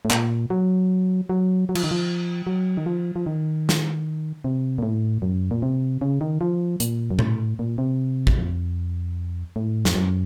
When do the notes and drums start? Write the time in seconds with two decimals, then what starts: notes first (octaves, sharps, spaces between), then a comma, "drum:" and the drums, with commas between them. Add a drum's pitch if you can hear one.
0.05 A2
0.10 A#2, drum: clap
0.50 F#3
1.29 F#3
1.69 F#3
1.75 F3, drum: cymbal
1.84 D#3
1.91 F3
2.47 F#3
2.77 D#3
2.86 F3
3.16 F3
3.26 D#3
3.69 drum: snare
4.44 C3
4.78 A#2
4.83 A2
5.22 F#2
5.51 A#2
5.62 C3
6.01 C#3
6.21 D#3
6.41 F3
6.80 A#2, drum: hi-hat
7.11 F#2
7.19 A2, drum: tom A#2
7.59 A#2
7.78 C3
8.27 drum: kick
8.38 F2
9.56 A2
9.85 F2, drum: snare
9.95 F#2